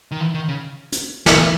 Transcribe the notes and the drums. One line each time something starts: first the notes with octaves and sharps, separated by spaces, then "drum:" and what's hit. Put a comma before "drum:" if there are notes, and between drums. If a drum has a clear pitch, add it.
D#3
E3
D#3
C#3
drum: hi-hat
D#3, drum: snare
E3